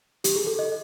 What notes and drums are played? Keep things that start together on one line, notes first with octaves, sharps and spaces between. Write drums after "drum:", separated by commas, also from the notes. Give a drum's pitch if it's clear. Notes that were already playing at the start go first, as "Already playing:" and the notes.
G4, drum: hi-hat
G#4
A4
D#5